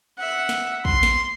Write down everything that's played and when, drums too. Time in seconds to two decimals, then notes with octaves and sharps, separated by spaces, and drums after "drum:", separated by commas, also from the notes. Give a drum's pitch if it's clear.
0.18 E5 F#5
0.49 drum: snare
0.85 C6, drum: kick
1.03 drum: snare